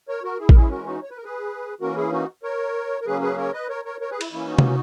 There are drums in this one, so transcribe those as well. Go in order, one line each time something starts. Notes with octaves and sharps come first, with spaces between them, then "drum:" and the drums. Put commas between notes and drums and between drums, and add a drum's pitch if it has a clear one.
A#4 C#5
F#4 A#4
E4 G#4
A#4, drum: kick A1
E3 G#3 C#4 E4 G#4
F#4 A#4
D#4 F#4
C#5
B4
A#4
G#4 B4
E3 A#3 C#4 F#4 A#4
E4 G#4
D#4 F#4
A#4 C#5
A#4
C#3 F#3 A#3 C#4 G#4 B4
G#4 B4
A#4 C#5
B4 D#5
A#4 C#5
A#4 C#5
A#4 C#5
G#4 B4
E4, drum: cymbal
E3 A#3 C#4 E4
D#4 F#4
drum: tom C3